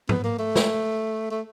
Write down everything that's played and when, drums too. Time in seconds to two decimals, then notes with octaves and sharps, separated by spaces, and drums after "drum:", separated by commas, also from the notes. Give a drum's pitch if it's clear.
0.09 B3, drum: tom G#2
0.24 A#3
0.39 A3
0.56 drum: snare
1.31 A3